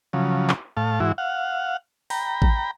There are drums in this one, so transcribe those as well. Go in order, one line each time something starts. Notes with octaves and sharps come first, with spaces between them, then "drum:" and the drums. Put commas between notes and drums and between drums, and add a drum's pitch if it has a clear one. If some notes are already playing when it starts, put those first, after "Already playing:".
C#3 F3 F#3
drum: clap
A2 F5 A5
G#2 E3 E4 F#4
F5 F#5
G5 A#5 B5, drum: open hi-hat
drum: kick A1